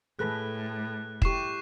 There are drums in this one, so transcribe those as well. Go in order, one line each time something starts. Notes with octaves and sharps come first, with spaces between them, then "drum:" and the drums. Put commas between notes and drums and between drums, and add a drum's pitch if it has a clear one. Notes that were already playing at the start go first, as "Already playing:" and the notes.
A2 G#4 A4 B4 F#6
E4 G4 C#6 C7 E7, drum: kick